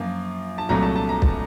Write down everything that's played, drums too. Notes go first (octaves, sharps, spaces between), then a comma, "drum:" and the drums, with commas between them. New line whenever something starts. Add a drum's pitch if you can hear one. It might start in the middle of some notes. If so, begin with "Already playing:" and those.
Already playing: F#2 F3 A#3
A5
C2 A#2 F#3 A3 A#5
A5
A5
A#5
A5, drum: kick